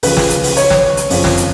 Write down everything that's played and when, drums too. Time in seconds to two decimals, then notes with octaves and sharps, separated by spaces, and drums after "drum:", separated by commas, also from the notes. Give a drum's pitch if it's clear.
0.03 C#2 C#3 F3 B4, drum: open hi-hat
0.17 drum: snare
0.30 drum: hi-hat
0.44 drum: open hi-hat
0.57 C#5, drum: hi-hat
0.70 drum: snare
0.97 drum: hi-hat
1.10 F#1 F2 F3, drum: open hi-hat
1.24 drum: snare
1.37 drum: hi-hat